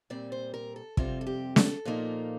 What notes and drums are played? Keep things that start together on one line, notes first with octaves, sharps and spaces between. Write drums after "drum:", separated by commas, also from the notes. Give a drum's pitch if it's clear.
A#2 G3 C4 D5
C5
A#4
A4
F2 C3 G3 C4 F4, drum: kick
A4
G4
A4, drum: snare
A#2 F3 A#3 D#4